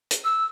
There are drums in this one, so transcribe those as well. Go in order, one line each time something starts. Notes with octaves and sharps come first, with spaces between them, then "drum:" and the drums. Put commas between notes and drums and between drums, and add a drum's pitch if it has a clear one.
drum: hi-hat
E6